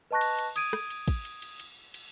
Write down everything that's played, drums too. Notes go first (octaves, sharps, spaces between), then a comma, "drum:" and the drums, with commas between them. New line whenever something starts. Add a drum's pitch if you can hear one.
B4 D#5 A5 C#6 F#6 A#6
drum: cymbal
drum: cymbal
D#6 G#6 D7 D#7, drum: cymbal
drum: rim click
drum: cymbal
drum: kick, cymbal
drum: cymbal
drum: cymbal
drum: cymbal
drum: cymbal